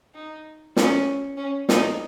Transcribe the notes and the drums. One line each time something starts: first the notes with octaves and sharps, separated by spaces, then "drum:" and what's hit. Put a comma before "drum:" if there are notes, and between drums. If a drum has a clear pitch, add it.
D#4
C#4, drum: snare
C#4
D#4, drum: snare